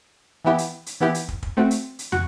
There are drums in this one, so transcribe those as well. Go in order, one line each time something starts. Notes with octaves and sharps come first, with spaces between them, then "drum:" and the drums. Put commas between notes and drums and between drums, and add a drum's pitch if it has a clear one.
E3 B3 E4 G4
drum: hi-hat
drum: hi-hat
E3 B3 E4 G4
drum: hi-hat
drum: kick
drum: kick
A3 C4 F#4
drum: hi-hat
drum: hi-hat
F#4, drum: tom